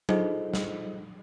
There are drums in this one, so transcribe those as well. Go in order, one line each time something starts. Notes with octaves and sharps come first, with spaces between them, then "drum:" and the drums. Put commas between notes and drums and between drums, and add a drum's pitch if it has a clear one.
D#4 F4 G#4 A4 C5 D#5, drum: tom F#3
drum: snare